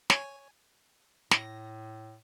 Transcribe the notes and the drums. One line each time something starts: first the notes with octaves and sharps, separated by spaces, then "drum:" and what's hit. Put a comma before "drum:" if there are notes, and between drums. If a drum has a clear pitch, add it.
C#5 G#5, drum: snare
A2 A#6, drum: snare